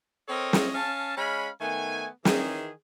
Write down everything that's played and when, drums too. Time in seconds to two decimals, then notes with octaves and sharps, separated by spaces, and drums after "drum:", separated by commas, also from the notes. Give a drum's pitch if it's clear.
0.29 C4 A4 A#4 C#5 D#5
0.53 drum: snare
0.74 C#4 F5 A5
1.17 G#3 C#4 F5 B5
1.61 D#3 A3 B3 G#5
2.25 D#3 E3 G#4, drum: snare